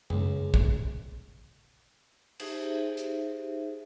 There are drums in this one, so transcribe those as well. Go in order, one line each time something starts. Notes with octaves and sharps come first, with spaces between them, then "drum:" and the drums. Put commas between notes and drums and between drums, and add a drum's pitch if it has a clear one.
C#2, drum: tom F#2
drum: kick
D#4 G4 G#4 C5 E5, drum: cymbal
drum: hi-hat